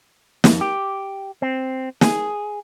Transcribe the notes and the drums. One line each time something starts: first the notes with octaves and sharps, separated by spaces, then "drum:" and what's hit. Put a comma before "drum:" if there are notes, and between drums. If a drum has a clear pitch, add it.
F2, drum: snare
G4
C4
G#4, drum: snare